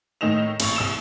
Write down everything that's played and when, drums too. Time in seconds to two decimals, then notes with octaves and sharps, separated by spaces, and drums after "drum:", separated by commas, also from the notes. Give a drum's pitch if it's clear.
0.21 A2 D#3 D#4 D#5 E7 F7
0.60 A1 A#2 C#6 F7, drum: cymbal
0.76 C2 D#6 E7